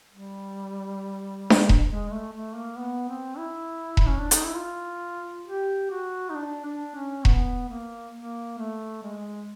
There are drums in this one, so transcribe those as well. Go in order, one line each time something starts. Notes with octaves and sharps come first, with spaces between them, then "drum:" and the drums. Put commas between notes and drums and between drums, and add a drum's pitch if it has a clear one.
G3
drum: snare D4
drum: kick E1
G#3
A3
A3
A#3
B3
C4
E4
drum: kick E1
C#4
D4
D#4, drum: hi-hat
E4
F4
G4
F#4
D#4
D4
D4
C#4
B3, drum: kick E1
A#3
A#3
A3
G#3